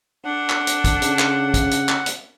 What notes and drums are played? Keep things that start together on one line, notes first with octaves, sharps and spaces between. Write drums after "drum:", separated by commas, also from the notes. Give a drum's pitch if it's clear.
D4 A4 F#5
drum: clap
drum: hi-hat
drum: kick, hi-hat
C#3, drum: hi-hat
drum: clap
drum: kick, hi-hat
drum: hi-hat
drum: clap
drum: hi-hat